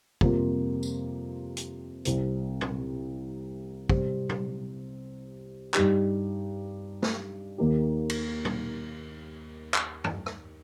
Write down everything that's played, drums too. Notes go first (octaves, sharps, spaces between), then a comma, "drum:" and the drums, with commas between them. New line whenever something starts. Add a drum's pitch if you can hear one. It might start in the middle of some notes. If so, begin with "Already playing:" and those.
F2 C3 G3 A#3 F4, drum: kick
drum: tambourine
drum: hi-hat
C2 C3 G3 C4, drum: hi-hat
drum: tom
C3 G3 C4, drum: kick
drum: tom
G2 G3 D#4 G4, drum: clap
drum: snare
D#2 D#3 A#3 D#4 G4
drum: cymbal
drum: tom
drum: clap
drum: tom F#2
drum: rim click